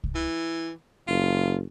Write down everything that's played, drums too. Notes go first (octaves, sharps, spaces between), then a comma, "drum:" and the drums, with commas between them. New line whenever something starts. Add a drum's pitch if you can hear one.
drum: kick C2
E3
F#1 F4